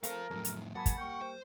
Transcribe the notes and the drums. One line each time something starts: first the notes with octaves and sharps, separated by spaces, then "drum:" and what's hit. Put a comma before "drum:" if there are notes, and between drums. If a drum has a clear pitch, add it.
A3 C4 A4 A#4 C5 F5, drum: hi-hat
F2 A2 F#3 A4
drum: hi-hat
G#2 F#3 A#3 F#5 G#5 A5 B5
drum: kick, hi-hat
G3 A#3 G5 C#6
C5